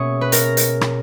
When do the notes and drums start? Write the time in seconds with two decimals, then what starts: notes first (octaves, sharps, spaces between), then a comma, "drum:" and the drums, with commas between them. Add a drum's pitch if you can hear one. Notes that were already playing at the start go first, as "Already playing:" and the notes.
Already playing: B2 A#3 C#4 G#4 C#5 E5
0.21 B4
0.32 A#4, drum: hi-hat
0.57 drum: hi-hat
0.81 drum: rim click